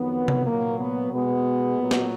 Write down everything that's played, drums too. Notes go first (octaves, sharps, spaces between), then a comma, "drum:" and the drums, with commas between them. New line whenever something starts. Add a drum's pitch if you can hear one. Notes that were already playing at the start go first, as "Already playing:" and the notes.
Already playing: F2 D#3 F#3 B3
drum: tom C3
A#2 F#3 A#3
B3
B2 G#3 B3
A#2 F#3
drum: snare